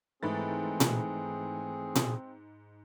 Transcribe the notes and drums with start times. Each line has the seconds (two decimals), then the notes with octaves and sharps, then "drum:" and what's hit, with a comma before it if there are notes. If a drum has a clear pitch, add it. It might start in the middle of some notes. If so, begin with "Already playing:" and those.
0.23 G#2 E3 A3 C4 G#4 B5 A6
0.80 drum: tom A#2
1.95 drum: tom A#2